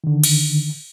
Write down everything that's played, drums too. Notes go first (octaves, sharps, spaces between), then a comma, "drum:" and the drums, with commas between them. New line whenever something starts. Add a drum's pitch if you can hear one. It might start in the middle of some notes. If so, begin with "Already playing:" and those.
D3 D#3
drum: cymbal